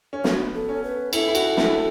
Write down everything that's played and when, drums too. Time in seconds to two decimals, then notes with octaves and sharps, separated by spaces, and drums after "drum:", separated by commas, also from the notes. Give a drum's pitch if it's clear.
0.13 C#4
0.24 B3 F#4, drum: snare
0.54 A4
0.69 C#4
0.84 B4
1.13 E4 A4, drum: cymbal
1.28 E4
1.35 F#4, drum: cymbal
1.57 E4, drum: snare